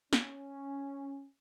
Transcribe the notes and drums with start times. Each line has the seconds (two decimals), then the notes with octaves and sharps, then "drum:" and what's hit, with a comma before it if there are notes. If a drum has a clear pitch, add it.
0.13 C#4, drum: snare